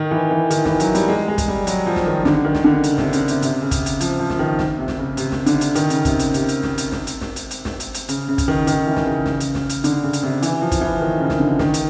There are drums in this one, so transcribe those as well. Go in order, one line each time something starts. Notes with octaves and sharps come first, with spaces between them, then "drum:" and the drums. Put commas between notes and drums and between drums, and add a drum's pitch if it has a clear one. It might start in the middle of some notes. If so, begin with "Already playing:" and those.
Already playing: D#3
E3
E3
D#3, drum: hi-hat
E3, drum: snare
F#3, drum: hi-hat
G3, drum: hi-hat
G#3
G#3
drum: kick, hi-hat
G3
F#3, drum: hi-hat
F3
drum: snare
D#3
D3, drum: snare
D#3
drum: snare
D3
C#3, drum: hi-hat
C3, drum: snare
C#3, drum: hi-hat
C3, drum: hi-hat
C3, drum: hi-hat
C#3
drum: kick, hi-hat
drum: hi-hat
F3, drum: hi-hat
F3
drum: snare
D#3
drum: snare
C3
drum: snare
C#3
C3, drum: hi-hat
drum: snare
D3, drum: hi-hat
drum: hi-hat
D#3, drum: hi-hat
C#3, drum: hi-hat
C3, drum: kick, hi-hat
drum: hi-hat
C3, drum: hi-hat
drum: hi-hat
drum: snare
drum: hi-hat
drum: snare
drum: hi-hat
drum: snare
drum: hi-hat
drum: hi-hat
drum: snare
drum: hi-hat
drum: hi-hat
C#3, drum: hi-hat
C#3
drum: kick, hi-hat
D#3
D#3, drum: hi-hat
E3
drum: snare
C#3
drum: snare
drum: hi-hat
drum: snare
drum: hi-hat
D3, drum: hi-hat
C#3
drum: hi-hat
C3
E3, drum: hi-hat
F3
drum: kick, hi-hat
E3
D#3
C#3
drum: snare
D3
D#3, drum: snare
drum: hi-hat